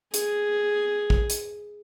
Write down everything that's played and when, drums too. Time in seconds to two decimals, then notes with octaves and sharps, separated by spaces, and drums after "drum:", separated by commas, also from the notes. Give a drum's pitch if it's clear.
0.14 G#4, drum: hi-hat
1.10 drum: kick
1.30 drum: hi-hat